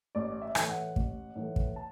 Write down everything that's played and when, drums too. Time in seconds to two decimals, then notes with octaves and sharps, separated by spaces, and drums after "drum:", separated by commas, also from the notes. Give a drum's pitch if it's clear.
0.15 A1 D5
0.42 E5
0.55 A2 E3 A3, drum: rim click
0.69 F#5
0.96 A1, drum: kick
1.36 A2 E3 A3
1.56 drum: kick
1.76 A5